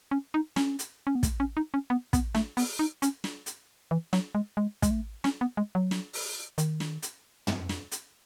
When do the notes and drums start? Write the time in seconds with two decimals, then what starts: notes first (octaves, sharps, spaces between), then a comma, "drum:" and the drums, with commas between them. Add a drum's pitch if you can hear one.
0.11 C#4
0.34 D#4
0.56 C#4, drum: snare
0.79 drum: hi-hat
1.07 C#4
1.15 B3
1.23 A3, drum: kick, hi-hat
1.40 C#4
1.57 D#4
1.74 C#4
1.90 B3
2.13 B3, drum: kick, hi-hat
2.35 A3, drum: snare
2.57 B3, drum: open hi-hat
2.79 D#4
3.02 C#4, drum: hi-hat
3.24 drum: snare
3.46 drum: hi-hat
3.91 E3
4.13 F#3, drum: snare
4.35 G#3
4.57 G#3
4.82 G#3, drum: kick, hi-hat
4.91 A3
5.24 C#4, drum: snare
5.41 B3
5.57 G#3
5.75 F#3
5.91 drum: snare
6.13 drum: open hi-hat
6.58 D#3, drum: hi-hat
6.80 drum: snare
7.02 drum: hi-hat
7.47 drum: tom
7.69 drum: snare
7.92 drum: hi-hat